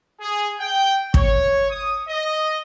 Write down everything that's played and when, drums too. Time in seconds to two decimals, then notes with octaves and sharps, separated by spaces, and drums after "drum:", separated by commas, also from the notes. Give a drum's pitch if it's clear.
0.20 G#4
0.59 G5
1.14 C#5, drum: kick
1.69 D#6
2.08 D#5